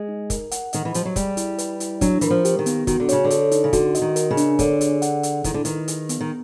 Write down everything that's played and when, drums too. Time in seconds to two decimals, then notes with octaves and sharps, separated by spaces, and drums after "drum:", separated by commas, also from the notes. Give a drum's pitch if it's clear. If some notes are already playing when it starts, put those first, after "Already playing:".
Already playing: G#3
0.08 D#4
0.30 A#4, drum: kick, hi-hat
0.51 F#5, drum: hi-hat
0.73 D#3 D#5, drum: hi-hat
0.85 E3
0.94 F3 G4, drum: hi-hat
1.05 F#3
1.16 G3 G#4, drum: kick, hi-hat
1.37 E4, drum: hi-hat
1.58 B4, drum: hi-hat
1.80 E4, drum: hi-hat
2.01 F#3 D4, drum: kick, hi-hat
2.21 E3 A#4, drum: hi-hat
2.30 F3
2.45 G4, drum: hi-hat
2.59 D#3
2.66 B3, drum: hi-hat
2.87 D#3 F#4, drum: kick, hi-hat
3.00 D3
3.09 C#3 C#5, drum: hi-hat
3.24 D3
3.30 A4, drum: hi-hat
3.51 D#4, drum: hi-hat
3.64 C#3
3.73 D3 F#4, drum: kick, hi-hat
3.95 D#5, drum: hi-hat
4.01 D#3
4.16 A#4, drum: hi-hat
4.31 C#3
4.37 D4, drum: hi-hat
4.59 D3 C#5, drum: kick, hi-hat
4.81 G#4, drum: hi-hat
5.02 F#5, drum: hi-hat
5.23 G#4, drum: hi-hat
5.44 D#3 E4, drum: kick, hi-hat
5.54 D3
5.65 D#3 B4, drum: hi-hat
5.88 G#4, drum: hi-hat
6.09 B3, drum: hi-hat
6.21 D#3